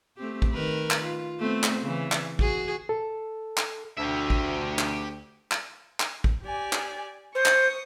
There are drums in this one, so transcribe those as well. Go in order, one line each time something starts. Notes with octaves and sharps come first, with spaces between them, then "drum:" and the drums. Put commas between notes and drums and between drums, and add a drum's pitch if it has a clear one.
A3 C4 G4
drum: kick A1
D#3 A#4 B4
drum: clap
F4
A3 B3 C4
drum: clap
C#3 E3
drum: clap
F#4 G#4, drum: kick A1
A4
drum: clap
D2 G4 E5
drum: kick A1
drum: clap
drum: clap
drum: clap
drum: kick A1
G4 D5 G#5
drum: clap
C5 C#6 D#6
drum: clap